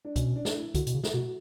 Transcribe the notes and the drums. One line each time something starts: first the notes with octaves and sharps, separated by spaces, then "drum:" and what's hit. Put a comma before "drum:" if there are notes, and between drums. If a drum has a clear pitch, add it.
D4
B2 C#4, drum: kick, hi-hat
D4
drum: snare
E4
D3 F#4, drum: kick, hi-hat
B2, drum: hi-hat
C#3
drum: snare
B2 F#4